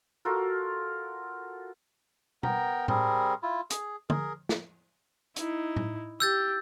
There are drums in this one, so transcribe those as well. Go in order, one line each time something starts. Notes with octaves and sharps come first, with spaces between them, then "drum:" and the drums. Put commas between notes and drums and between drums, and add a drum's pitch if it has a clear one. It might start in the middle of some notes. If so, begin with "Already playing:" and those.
F4 F#4 A4 A#4
B3 A#4 G5 A#5, drum: tom B2
G3 C4 G#4 A#4, drum: tom A2
E4 F4
G#4, drum: hi-hat
G#4 A#4, drum: tom
drum: snare
D#4 E4, drum: hi-hat
drum: tom A2
G4 E6 G6 A6